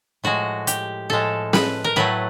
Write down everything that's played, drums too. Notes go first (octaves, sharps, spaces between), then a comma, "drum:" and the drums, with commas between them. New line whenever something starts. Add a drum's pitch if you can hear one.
A2 F3 G#3 F#4
G4, drum: hi-hat
A2 F3 G#3 A4
B4, drum: snare
A#4
A2 F#3 A3 B4